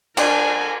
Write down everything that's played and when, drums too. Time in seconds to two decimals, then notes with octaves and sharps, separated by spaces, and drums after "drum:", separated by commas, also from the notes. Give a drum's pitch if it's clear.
0.17 F3 D4 A#4 G#5, drum: cymbal